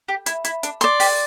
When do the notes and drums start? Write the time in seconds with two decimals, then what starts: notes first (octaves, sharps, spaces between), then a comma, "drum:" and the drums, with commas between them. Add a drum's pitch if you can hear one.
0.08 G4
0.26 E4, drum: hi-hat
0.44 E4, drum: hi-hat
0.63 D4, drum: hi-hat
0.81 D5 C6, drum: hi-hat
1.00 G4, drum: open hi-hat